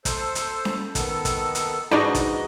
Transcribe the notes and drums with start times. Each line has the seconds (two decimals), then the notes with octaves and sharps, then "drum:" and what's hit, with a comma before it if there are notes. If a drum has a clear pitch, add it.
0.05 A4 C5, drum: kick, hi-hat
0.35 drum: hi-hat
0.65 drum: snare C#4
0.95 D#3 B3 A4, drum: kick, hi-hat
1.25 drum: kick, hi-hat
1.55 drum: hi-hat
1.91 G#2 E3 D4 D#4 F#4 D#5
2.15 drum: kick, hi-hat